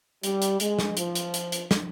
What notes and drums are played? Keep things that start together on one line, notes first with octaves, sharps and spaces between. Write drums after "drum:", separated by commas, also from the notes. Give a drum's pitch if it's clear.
G3, drum: hi-hat
drum: hi-hat
G#3, drum: hi-hat
drum: snare
F3, drum: hi-hat
drum: hi-hat
drum: hi-hat
drum: hi-hat
drum: snare